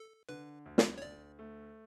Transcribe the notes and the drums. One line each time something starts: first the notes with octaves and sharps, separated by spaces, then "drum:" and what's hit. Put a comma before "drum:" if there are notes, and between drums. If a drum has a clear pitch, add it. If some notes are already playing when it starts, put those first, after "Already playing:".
Already playing: A4
D3 B4
D2
drum: snare
C#5
D2 D5
A3